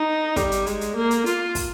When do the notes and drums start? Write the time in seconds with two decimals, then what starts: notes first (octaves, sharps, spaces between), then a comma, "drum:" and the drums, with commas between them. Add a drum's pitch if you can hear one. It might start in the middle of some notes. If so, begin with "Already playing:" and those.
Already playing: D#4
0.36 G3, drum: kick, hi-hat
0.52 drum: hi-hat
0.66 G#3, drum: hi-hat
0.81 drum: hi-hat
0.95 A#3
1.11 drum: hi-hat
1.26 F4, drum: hi-hat
1.55 drum: kick, open hi-hat